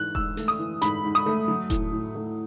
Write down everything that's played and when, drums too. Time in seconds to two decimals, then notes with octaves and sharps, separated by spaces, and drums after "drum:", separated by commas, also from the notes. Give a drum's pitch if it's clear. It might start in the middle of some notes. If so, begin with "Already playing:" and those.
Already playing: G#2 E3 F#6
0.15 G#2 E6, drum: kick E1
0.37 A3, drum: open hi-hat
0.48 D#6
0.59 E3
0.82 G#2 B5, drum: hi-hat
1.04 G#2
1.15 D#6
1.26 A3
1.48 F#3
1.70 A2, drum: kick E1, hi-hat
1.92 A2
2.15 A3